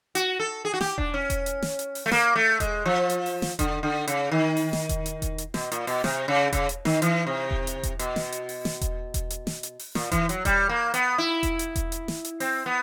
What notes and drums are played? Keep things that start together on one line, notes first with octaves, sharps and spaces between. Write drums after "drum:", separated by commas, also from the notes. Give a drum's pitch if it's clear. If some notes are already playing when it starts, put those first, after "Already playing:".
F#4, drum: hi-hat
A4
G#4
F#4
G4, drum: snare
D4, drum: kick E1
C#4
drum: kick E1, hi-hat
drum: hi-hat
drum: snare
drum: hi-hat
drum: open hi-hat
A3
A#3, drum: snare
A3
G#3, drum: kick E1, hi-hat
F3
drum: hi-hat
drum: open hi-hat
drum: snare
D3, drum: kick E1, hi-hat
D3
C#3, drum: hi-hat
D#3
drum: open hi-hat
drum: snare
drum: kick E1, hi-hat
drum: hi-hat
drum: kick E1, hi-hat
drum: hi-hat
B2, drum: snare
A#2, drum: hi-hat
B2, drum: open hi-hat
C3, drum: snare
C#3
C#3, drum: kick E1, hi-hat
drum: hi-hat
D#3, drum: snare
E3, drum: hi-hat
C3
drum: kick E1
drum: hi-hat
drum: kick E1, hi-hat
B2, drum: hi-hat
drum: snare
drum: hi-hat
drum: open hi-hat
drum: snare
drum: kick E1, hi-hat
drum: kick E1, hi-hat
drum: hi-hat
drum: snare
drum: hi-hat
drum: open hi-hat
A#2, drum: snare
E3, drum: kick E1, hi-hat
F#3, drum: hi-hat
G3, drum: kick E1, hi-hat
A#3
B3, drum: hi-hat
E4
drum: kick E1, hi-hat
drum: hi-hat
drum: kick E1, hi-hat
drum: hi-hat
drum: snare
drum: hi-hat
C4, drum: open hi-hat
B3